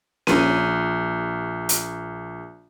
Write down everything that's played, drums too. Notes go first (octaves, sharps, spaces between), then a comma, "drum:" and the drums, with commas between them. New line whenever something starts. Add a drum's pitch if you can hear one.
A#1 D#7, drum: snare C#4
drum: hi-hat